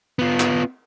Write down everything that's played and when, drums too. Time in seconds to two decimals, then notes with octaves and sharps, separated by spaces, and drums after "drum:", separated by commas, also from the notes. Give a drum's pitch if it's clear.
0.19 B3 F4
0.40 drum: clap